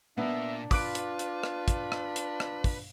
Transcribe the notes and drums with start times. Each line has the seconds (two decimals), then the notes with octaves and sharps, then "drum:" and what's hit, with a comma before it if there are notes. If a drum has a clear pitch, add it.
0.18 A#2 A#3 B3 D4 E5
0.71 F4 B4 D6 F#6 D7, drum: kick, open hi-hat
0.95 drum: hi-hat
1.19 drum: hi-hat
1.43 drum: rim click
1.68 drum: kick, hi-hat
1.92 drum: rim click
2.16 drum: hi-hat
2.40 drum: rim click
2.64 drum: kick, open hi-hat